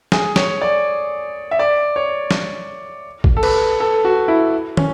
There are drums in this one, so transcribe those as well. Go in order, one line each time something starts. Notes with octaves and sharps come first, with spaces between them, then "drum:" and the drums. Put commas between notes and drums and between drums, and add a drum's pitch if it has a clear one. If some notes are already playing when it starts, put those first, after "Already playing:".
G#4, drum: snare
C#5, drum: snare
D5
E5
D5
C#5
drum: snare
drum: kick A1
A4
B4, drum: cymbal
A4
F#4
E4
C#4, drum: tom